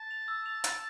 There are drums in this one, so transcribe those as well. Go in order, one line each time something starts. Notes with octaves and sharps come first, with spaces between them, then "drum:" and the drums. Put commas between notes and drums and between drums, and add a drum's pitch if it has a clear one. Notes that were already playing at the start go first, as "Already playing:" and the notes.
Already playing: A5
F7
E6
F7
F7, drum: hi-hat